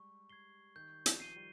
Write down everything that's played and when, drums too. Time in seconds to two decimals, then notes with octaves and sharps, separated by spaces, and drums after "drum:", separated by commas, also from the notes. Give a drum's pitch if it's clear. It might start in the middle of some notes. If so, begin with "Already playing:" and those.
Already playing: G3 G#3 C#6
0.30 G#6 C7 G7
0.76 D#3 G6
1.06 F3, drum: hi-hat
1.20 C7 D#7 G7
1.31 F3
1.36 G3